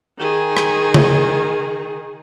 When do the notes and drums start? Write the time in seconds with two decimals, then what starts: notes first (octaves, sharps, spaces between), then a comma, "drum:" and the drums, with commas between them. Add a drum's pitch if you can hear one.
0.19 D#3 G#4
0.57 drum: rim click
0.94 drum: tom C#3